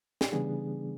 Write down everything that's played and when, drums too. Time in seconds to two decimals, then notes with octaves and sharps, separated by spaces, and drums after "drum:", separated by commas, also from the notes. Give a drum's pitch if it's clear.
0.21 G4, drum: snare
0.32 C#3 E3 G3 B3 D4 G#4